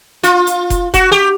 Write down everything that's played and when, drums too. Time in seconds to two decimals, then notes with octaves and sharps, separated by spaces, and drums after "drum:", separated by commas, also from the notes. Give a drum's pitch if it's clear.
0.23 F4, drum: hi-hat
0.47 drum: hi-hat
0.70 drum: kick F1, hi-hat
0.94 F#4, drum: kick F1, hi-hat
1.12 G4